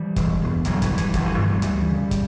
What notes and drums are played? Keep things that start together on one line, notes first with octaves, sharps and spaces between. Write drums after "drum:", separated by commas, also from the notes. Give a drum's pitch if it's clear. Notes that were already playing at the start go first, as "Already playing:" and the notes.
Already playing: E3 G3
E1, drum: kick, hi-hat
E2 B2
G1 D3 F#3, drum: hi-hat
E3, drum: kick, hi-hat
G2 D3
E3, drum: hi-hat
G1 D3, drum: kick, hi-hat
E3
G2 D3 E3 G3
F#3 A3
D2 E3 G3, drum: hi-hat
C#3
drum: kick, hi-hat